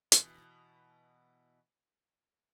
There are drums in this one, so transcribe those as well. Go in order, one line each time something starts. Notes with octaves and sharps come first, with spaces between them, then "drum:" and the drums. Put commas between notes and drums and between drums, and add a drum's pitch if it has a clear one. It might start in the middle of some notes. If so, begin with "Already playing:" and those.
B2 E3, drum: hi-hat